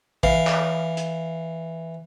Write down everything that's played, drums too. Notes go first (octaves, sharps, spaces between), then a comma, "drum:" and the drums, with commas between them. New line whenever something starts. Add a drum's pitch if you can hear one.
E3 F5, drum: kick
drum: clap
drum: hi-hat